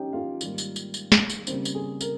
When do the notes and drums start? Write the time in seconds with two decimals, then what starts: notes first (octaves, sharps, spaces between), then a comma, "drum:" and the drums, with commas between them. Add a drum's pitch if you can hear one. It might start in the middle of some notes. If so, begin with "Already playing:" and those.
Already playing: F3 G#3 C#4 D#4 G4 C#5 G5
0.13 F4 F5
0.41 G#2 D#3 G3 A#3, drum: tambourine
0.58 drum: tambourine
0.76 drum: tambourine
0.94 drum: tambourine
1.12 drum: snare
1.30 drum: tambourine
1.47 C#3 G3 A#3 C4 C5, drum: tambourine
1.65 drum: tambourine
1.75 G#4
2.01 A#4, drum: tambourine